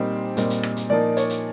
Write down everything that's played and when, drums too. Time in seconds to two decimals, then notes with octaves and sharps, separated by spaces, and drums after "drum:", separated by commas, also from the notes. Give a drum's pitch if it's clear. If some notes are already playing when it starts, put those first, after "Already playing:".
Already playing: A#2 G3 C4 D#4
0.37 A#2 G3 C4 D#4, drum: hi-hat
0.50 drum: hi-hat
0.63 drum: rim click
0.77 drum: hi-hat
0.90 A#2 F3 A#3 D#4 D5
1.17 C#5, drum: hi-hat
1.30 drum: hi-hat